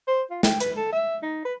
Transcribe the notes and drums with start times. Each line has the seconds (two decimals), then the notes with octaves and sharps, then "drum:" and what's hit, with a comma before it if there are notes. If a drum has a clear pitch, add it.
0.08 C5
0.31 F4
0.43 G5, drum: snare
0.60 B4, drum: hi-hat
0.77 A4
0.92 E5
1.22 D#4
1.45 B4